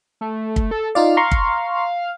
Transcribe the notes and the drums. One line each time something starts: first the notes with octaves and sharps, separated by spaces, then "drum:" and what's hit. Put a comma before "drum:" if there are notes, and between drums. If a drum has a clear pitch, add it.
A3
drum: kick
A4
D#4 F4 D5 F5
A#5 C6 C#6
drum: kick